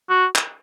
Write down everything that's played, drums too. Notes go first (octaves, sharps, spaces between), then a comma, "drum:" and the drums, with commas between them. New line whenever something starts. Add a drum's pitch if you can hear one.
F#4
drum: clap